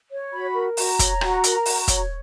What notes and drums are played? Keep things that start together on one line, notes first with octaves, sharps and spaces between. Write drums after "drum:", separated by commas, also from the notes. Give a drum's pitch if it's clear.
C#5
F#4 B5
A#4
F#4 A#5, drum: open hi-hat
C#5, drum: kick, hi-hat
F#4, drum: rim click
A#4, drum: hi-hat
F#4, drum: open hi-hat
C#5, drum: kick, hi-hat